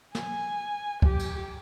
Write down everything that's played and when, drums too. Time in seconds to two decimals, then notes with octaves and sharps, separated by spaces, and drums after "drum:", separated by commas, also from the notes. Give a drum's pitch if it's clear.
0.15 G#5, drum: snare
1.02 G4, drum: kick
1.19 drum: cymbal